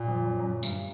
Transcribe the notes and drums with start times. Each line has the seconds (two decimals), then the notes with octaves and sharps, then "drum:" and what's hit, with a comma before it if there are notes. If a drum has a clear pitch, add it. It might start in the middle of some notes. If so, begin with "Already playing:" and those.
Already playing: A#2
0.08 F2
0.24 F#2
0.39 F#2
0.63 G2, drum: tambourine